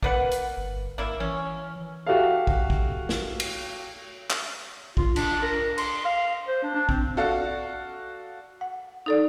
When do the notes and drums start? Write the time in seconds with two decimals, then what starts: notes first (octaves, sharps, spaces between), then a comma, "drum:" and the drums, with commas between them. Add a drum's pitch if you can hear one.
0.03 A#3 B4 F#5, drum: kick
0.31 drum: hi-hat
0.57 G1
0.98 G#1 A#3 E4
1.20 E3 C#4
2.07 F#4 G4 A4 E5 F5
2.47 drum: kick
2.70 drum: kick
3.09 drum: snare
3.40 drum: cymbal
4.30 drum: clap
4.97 F4, drum: kick
5.16 D4, drum: cymbal
5.42 A#4
5.78 C6, drum: cymbal
6.05 F5
6.48 C5
6.63 D4
6.75 D4
6.89 C4, drum: kick
7.17 F#4 A4 D5 F5
8.61 F#5
9.06 D#4 A4 D5